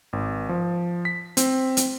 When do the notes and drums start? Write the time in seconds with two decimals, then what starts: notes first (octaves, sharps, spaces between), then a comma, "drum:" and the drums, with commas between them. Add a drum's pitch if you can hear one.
0.13 G#1
0.49 F3
1.05 B6
1.37 C4, drum: hi-hat
1.77 drum: hi-hat